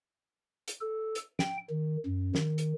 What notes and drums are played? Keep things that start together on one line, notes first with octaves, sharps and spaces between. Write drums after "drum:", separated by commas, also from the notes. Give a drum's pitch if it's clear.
drum: hi-hat
A4
drum: hi-hat
G5, drum: snare
D#3
F#2
D#3, drum: snare
drum: hi-hat